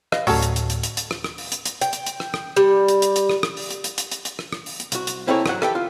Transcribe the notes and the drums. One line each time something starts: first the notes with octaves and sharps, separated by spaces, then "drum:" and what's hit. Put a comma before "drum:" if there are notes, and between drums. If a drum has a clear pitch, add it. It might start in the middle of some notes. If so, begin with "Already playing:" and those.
B4 D#5 F5, drum: rim click
D2 A2 F#3 C#4 A4, drum: open hi-hat
drum: hi-hat
drum: hi-hat
drum: hi-hat
drum: hi-hat
drum: hi-hat
drum: rim click
drum: rim click
drum: open hi-hat
drum: hi-hat
drum: hi-hat
G5, drum: hi-hat
drum: hi-hat
drum: hi-hat
drum: rim click
drum: rim click
G3
drum: hi-hat
drum: hi-hat
drum: hi-hat
drum: rim click
drum: rim click
drum: open hi-hat
drum: hi-hat
drum: hi-hat
drum: hi-hat
drum: hi-hat
drum: hi-hat
drum: rim click
drum: rim click
drum: open hi-hat
drum: hi-hat
C2 F#4, drum: hi-hat
drum: hi-hat
A#3 C4 E4 G#4 A4 C#5
G#2 F#3 F#5, drum: rim click
G4 A4 B4 E5 G5, drum: rim click
F4